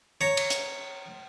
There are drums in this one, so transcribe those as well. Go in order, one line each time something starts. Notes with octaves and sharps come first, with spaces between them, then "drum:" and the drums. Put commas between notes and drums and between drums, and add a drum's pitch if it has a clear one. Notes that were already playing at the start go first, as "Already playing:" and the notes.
C#5 A#5
drum: cymbal
drum: hi-hat